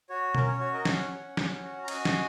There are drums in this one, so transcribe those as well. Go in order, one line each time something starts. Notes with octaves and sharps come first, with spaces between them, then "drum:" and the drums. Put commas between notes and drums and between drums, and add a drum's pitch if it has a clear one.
F#4 C#5
C#4 A#4, drum: tom B2
C#5
F#4 C#5
A#4 D#5
C#4 C#5 F#5, drum: snare
C#4
C#4, drum: snare
F#4
A#5
F#4 D#5 G#5, drum: cymbal
drum: snare